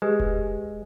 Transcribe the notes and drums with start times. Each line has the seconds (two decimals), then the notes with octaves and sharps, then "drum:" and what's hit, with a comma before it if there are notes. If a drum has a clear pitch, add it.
0.02 G#3 G4 B4
0.20 drum: kick E1